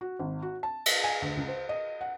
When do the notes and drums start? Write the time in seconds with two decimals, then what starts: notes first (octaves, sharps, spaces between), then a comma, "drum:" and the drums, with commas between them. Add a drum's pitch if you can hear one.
0.01 F#4
0.19 G#1
0.42 F#4
0.63 A5
0.86 drum: cymbal
1.04 G#5
1.22 D2
1.37 C#2
1.48 C5
1.69 D#5
2.01 F#5